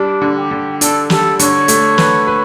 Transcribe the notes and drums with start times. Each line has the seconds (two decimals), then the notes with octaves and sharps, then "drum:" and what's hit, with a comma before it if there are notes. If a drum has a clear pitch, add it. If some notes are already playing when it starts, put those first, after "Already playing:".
Already playing: G3 D4
0.22 D3
0.36 G4
0.51 D3
0.81 D4 A4, drum: hi-hat
1.10 G3 A4, drum: snare
1.39 D3 C#5, drum: hi-hat
1.68 A3, drum: hi-hat
1.98 B4, drum: snare
2.27 B4